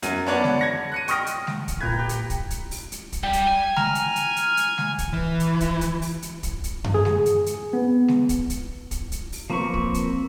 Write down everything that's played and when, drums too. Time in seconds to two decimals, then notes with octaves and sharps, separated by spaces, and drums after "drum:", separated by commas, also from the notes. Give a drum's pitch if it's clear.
0.02 F#2 F#3 D#7, drum: hi-hat
0.26 B3 D4 C#5 D5 F#5 A5
0.44 drum: snare G#3
0.59 G#6 A#6 C#7
0.92 F#6 C#7 D#7
1.08 G5 C#6 D#6 F6 A#6 D7, drum: hi-hat
1.26 drum: hi-hat
1.47 drum: snare G#3
1.68 drum: kick, hi-hat
1.80 A#2 B4 G5 A#5 G#6
1.99 G4
2.09 drum: hi-hat
2.30 drum: kick, hi-hat
2.50 drum: hi-hat
2.71 drum: open hi-hat
2.92 drum: hi-hat
3.12 drum: kick, hi-hat
3.23 G3 G5
3.33 drum: hi-hat
3.47 G#5
3.77 A#5 F6, drum: snare G#3
3.95 drum: hi-hat
4.16 drum: hi-hat
4.36 drum: hi-hat
4.57 drum: hi-hat
4.78 drum: snare G#3
4.98 drum: kick, hi-hat
5.13 E3
5.40 drum: hi-hat
5.60 drum: kick, hi-hat
5.81 drum: hi-hat
6.02 drum: open hi-hat
6.22 drum: hi-hat
6.43 drum: kick, hi-hat
6.64 drum: hi-hat
6.84 drum: tom F#2
6.94 G#4
7.05 drum: snare G#3
7.26 drum: hi-hat
7.46 drum: hi-hat
7.73 B3
8.08 drum: snare G#3
8.29 drum: kick, hi-hat
8.50 drum: hi-hat
8.91 drum: kick, hi-hat
9.12 drum: hi-hat
9.32 drum: open hi-hat
9.50 F3 A#3 C4 B4 C#6
9.74 drum: kick
9.94 drum: hi-hat